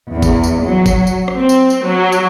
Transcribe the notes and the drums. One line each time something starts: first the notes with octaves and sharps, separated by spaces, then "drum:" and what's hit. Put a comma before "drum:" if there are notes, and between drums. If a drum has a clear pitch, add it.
E2
drum: kick, tambourine
drum: tambourine
F#3
drum: kick, tambourine
drum: tambourine
drum: rim click
C4
drum: tambourine
drum: tambourine
F#3
drum: tambourine